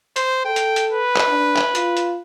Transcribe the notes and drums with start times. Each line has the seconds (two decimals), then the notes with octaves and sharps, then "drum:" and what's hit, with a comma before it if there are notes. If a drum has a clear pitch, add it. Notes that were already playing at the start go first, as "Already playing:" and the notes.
0.16 C5, drum: hi-hat
0.45 A4 G5
0.56 drum: hi-hat
0.76 drum: hi-hat
0.92 B4
1.16 drum: clap
1.28 D4
1.57 drum: clap
1.75 F4, drum: hi-hat
1.97 drum: hi-hat